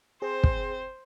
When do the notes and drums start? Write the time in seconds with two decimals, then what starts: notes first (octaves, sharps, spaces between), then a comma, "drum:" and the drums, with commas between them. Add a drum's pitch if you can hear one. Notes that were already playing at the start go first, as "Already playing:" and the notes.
0.22 C4 G#4 C5
0.44 drum: kick